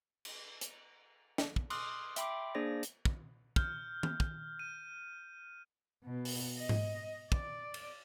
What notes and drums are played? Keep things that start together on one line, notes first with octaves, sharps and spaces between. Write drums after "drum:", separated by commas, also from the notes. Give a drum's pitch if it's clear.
drum: cymbal
drum: hi-hat
drum: snare
drum: kick
C6 D6 D#6 F6 F#6, drum: cymbal
E5 G5 B5 C6 D6, drum: hi-hat
A#3 D4 G#4 C5 D5 A#6
drum: hi-hat
drum: kick
F6 G6, drum: kick
drum: tom D#3
drum: kick
D#7
B2
drum: open hi-hat
D#5
drum: tom G#2
D5, drum: kick
drum: cymbal